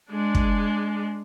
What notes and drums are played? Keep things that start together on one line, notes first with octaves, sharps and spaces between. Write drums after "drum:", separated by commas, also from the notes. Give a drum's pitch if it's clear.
G#3 D4
drum: kick